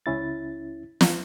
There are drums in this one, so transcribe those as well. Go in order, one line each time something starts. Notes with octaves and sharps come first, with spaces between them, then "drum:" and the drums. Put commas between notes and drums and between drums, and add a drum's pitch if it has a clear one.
C#2 C#4 E4 A6
drum: snare